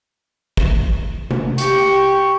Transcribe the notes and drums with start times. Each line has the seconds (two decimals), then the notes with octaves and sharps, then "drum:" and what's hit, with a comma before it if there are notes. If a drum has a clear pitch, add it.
0.57 drum: kick
1.31 drum: tom C3
1.58 G4 C#6, drum: hi-hat